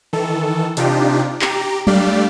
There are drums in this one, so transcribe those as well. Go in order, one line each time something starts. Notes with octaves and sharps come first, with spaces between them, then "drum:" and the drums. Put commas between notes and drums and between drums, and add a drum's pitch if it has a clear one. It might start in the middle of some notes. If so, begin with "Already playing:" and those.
D#3 E3 A4
C3 D4 D#4 F4 G4, drum: hi-hat
G4 A#5 D6, drum: clap
G3 A3 D4 G4 D5 F5, drum: tom F#3